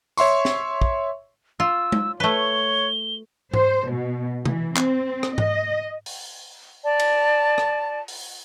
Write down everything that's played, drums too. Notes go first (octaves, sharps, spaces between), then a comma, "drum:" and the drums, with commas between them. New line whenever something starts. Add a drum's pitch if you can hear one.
C#5 E5 C6 C#6, drum: tambourine
drum: snare
drum: kick
F4 E6
drum: tom
A3 B4 C#5 G7
C5, drum: tom G#2
B2
E3, drum: tom C3
C4, drum: clap
drum: rim click
D#5, drum: tom G#2
drum: open hi-hat
D5 A5
drum: cymbal
drum: rim click
drum: open hi-hat